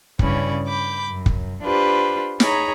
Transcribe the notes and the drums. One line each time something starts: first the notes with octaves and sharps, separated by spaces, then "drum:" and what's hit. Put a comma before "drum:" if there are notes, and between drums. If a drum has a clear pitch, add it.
G2 C#3 C#4 E4 D5, drum: kick
B5 D6 G6
F#2
drum: kick
D4 F4 G4 B4 C5
D#4 G#4 C#5 A#5 B5, drum: snare